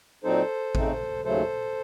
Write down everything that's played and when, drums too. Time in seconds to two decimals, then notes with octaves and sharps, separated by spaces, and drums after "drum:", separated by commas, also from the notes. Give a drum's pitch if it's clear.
0.24 A#2 F#3 C4 D#4 A4 C5
0.75 F2 C#3 A3 C4 D#4, drum: kick A1
1.25 D#2 C#3 F#3 A3 A4 C5